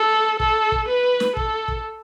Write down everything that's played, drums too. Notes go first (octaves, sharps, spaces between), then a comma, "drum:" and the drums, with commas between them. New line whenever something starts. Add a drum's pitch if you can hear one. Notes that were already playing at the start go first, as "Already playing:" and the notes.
Already playing: A4
A4, drum: kick
drum: kick
B4
drum: snare
A4, drum: kick
drum: kick